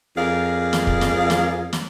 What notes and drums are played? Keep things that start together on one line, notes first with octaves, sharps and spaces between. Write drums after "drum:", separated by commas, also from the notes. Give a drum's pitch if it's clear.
F2 G#4 A#4 D5 F5
drum: snare
drum: kick
drum: snare
drum: snare
drum: snare